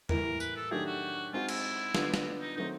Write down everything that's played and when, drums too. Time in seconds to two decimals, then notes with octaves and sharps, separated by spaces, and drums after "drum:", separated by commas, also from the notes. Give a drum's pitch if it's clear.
0.09 A2 E3 G3 A#3 A#4, drum: tom E2
0.40 B4, drum: tambourine
0.56 A4
0.71 D#3 F#3 A3 D4 G4 G#4
0.86 F#4
1.33 G#3 C4 D#4 F4 F#4
1.49 E4, drum: cymbal
1.95 D3 G3 B3 D4 F4, drum: snare
2.14 drum: snare
2.41 D#4
2.57 D#3 F#3 A3 C4 D#4